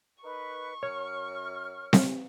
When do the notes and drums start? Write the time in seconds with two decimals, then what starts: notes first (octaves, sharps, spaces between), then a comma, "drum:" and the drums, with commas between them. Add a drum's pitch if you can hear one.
0.23 D#4 A#4 B4 C#6
0.83 F#2 C#5 F6
1.93 drum: snare C4